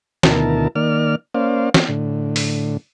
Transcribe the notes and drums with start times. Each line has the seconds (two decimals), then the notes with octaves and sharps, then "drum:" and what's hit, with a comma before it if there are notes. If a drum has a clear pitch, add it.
0.23 D2 B2 D#3 E4 A#4 A5, drum: snare
0.76 D#3 A#3 D5 F6
1.34 A#3 C#4 C5 D5 F5
1.74 drum: snare
1.88 A2 D3
2.36 drum: open hi-hat